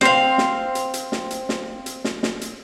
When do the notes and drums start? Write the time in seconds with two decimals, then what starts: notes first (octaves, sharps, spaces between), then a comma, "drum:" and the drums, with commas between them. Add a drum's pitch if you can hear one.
0.01 C4 F5, drum: snare
0.38 drum: snare
0.75 drum: hi-hat
0.94 drum: hi-hat
1.12 drum: snare
1.31 drum: hi-hat
1.49 drum: snare
1.86 drum: hi-hat
2.04 drum: snare
2.23 drum: snare
2.41 drum: hi-hat